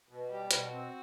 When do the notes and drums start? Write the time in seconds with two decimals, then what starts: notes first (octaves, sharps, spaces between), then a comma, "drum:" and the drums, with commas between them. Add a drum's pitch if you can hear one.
0.09 B2
0.29 G3 G4
0.51 B2, drum: hi-hat
0.61 F#4
0.71 C4